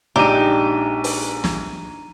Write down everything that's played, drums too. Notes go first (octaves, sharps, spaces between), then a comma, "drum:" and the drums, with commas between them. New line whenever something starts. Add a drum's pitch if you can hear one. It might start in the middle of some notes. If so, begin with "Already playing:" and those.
A#1 G#3 D4 D#4 G4 A#5 D#7
drum: open hi-hat
drum: snare